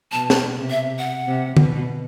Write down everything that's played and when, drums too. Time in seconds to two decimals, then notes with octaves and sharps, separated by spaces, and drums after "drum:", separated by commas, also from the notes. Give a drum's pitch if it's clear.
0.12 B2 A5
0.30 drum: snare
0.56 C3
0.70 E5
0.99 F#5
1.27 C3
1.57 B2, drum: tom D3